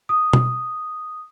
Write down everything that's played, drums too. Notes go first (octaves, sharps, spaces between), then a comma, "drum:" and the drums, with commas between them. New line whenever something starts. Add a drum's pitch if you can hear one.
D#6
drum: tom B2